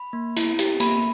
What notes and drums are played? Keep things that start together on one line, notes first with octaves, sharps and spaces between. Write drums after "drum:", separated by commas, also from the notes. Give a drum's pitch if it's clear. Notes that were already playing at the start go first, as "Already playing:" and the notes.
Already playing: B5
A#3
E4, drum: hi-hat
G4, drum: hi-hat
A#3 B5, drum: hi-hat